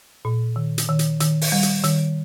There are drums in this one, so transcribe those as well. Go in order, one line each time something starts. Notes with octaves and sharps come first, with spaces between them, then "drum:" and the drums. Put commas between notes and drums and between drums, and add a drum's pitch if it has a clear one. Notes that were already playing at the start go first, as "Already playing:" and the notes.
A#2
D#3
drum: hi-hat
D#3
drum: hi-hat
D#3, drum: hi-hat
drum: open hi-hat
G3
drum: hi-hat
D#3, drum: hi-hat